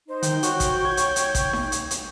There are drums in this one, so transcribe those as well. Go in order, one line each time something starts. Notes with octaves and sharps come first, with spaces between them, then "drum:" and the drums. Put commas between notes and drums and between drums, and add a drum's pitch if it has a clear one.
D#4 C5
D#3 G5, drum: hi-hat
F#4 C#5 C#6, drum: hi-hat
drum: kick A1, hi-hat
G#6
drum: hi-hat
drum: hi-hat
drum: kick A1, hi-hat
drum: snare D#4
drum: hi-hat
drum: hi-hat